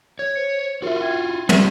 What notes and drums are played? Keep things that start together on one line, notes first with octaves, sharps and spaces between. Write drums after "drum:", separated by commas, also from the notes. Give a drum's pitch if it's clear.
C#5 G#6
C5 C#7
F4 F#4 A#4 E5
E5 G5 G#6
C4 D4 G4 G#4 E5, drum: tom